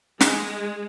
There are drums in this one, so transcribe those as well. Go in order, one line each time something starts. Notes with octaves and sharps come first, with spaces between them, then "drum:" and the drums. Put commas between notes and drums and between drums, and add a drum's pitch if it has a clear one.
G#3, drum: snare